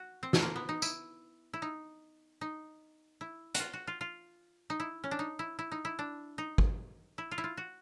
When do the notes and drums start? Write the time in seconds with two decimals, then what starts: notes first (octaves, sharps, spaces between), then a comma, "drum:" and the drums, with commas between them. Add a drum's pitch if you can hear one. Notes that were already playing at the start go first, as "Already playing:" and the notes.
Already playing: F#4
0.23 C4
0.33 A3, drum: snare
0.42 A#3
0.56 B3
0.69 D#4
0.82 E4, drum: tambourine
1.53 E4
1.62 D#4
2.41 D#4
3.21 E4
3.55 F#4, drum: hi-hat
3.60 F4
3.73 F#4
3.87 F4
4.01 F4
4.70 D#4
4.80 E4
5.04 C#4
5.11 D4
5.19 D#4
5.39 E4
5.59 E4
5.72 D#4
5.85 E4
5.99 D4
6.38 D#4
6.58 drum: kick
7.18 E4
7.31 F4
7.38 E4
7.44 F4
7.57 F#4